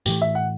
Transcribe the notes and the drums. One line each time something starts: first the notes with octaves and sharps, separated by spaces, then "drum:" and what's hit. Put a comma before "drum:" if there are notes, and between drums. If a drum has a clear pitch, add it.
A2 E3 A3 G4, drum: tambourine
E5
F#5